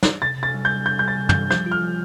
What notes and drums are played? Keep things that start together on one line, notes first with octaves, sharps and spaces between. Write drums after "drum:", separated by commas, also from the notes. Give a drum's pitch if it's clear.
drum: snare
C3 A6
C3 A6
G3
G3 G6
G3 G6
G3 G6
A6
C3
G3 G6, drum: tom
F3 G6, drum: rim click
F4
F6
F3